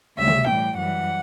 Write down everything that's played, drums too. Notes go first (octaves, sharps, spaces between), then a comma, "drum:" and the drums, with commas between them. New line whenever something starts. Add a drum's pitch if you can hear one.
D2 C#3 G3 E5
drum: tom
A2 E3 G3 G5, drum: tom
F#2 E3 G3 F#5